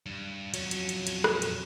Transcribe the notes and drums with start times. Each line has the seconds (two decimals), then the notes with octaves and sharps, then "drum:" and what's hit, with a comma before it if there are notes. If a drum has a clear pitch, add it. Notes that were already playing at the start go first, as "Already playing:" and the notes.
0.06 G2
0.54 F2 F#3 C#4, drum: cymbal
0.71 drum: cymbal
0.89 drum: cymbal
1.07 drum: cymbal
1.24 drum: rim click
1.42 drum: cymbal